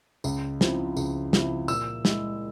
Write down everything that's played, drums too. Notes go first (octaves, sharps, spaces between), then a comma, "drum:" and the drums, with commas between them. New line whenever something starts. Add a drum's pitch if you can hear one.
C#2, drum: tambourine
C#3 F3 C4 E4, drum: snare
C#2, drum: tambourine
C#3 F3 C4 E4, drum: snare
A#2 E6, drum: tambourine
G#3 E4, drum: snare